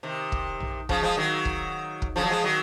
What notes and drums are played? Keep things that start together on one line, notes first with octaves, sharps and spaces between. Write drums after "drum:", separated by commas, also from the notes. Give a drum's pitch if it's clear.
C3 D#3
drum: kick
drum: tom A#1
C#3 F3, drum: kick
F3 G#3
D#3 F#3
drum: kick
drum: kick
C#3 F3
F#3
F3 G#3
D#3 F#3